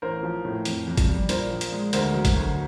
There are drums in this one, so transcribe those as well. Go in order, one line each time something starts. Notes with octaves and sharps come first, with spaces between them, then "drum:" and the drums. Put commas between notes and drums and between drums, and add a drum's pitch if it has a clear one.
A1 A#4 C5
F3
A2
F2, drum: hi-hat
F2
drum: kick, hi-hat
G3
A#2 A#4 C5, drum: hi-hat
A#1
drum: hi-hat
G#3
D2 A#4 C5, drum: hi-hat
F#3
drum: kick, hi-hat
D2